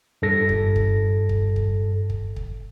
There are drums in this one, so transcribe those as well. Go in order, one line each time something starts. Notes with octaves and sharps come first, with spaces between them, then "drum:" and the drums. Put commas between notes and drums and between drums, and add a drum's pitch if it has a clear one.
G2 A4 A#6
drum: kick
drum: kick
drum: kick
drum: kick
drum: kick
drum: kick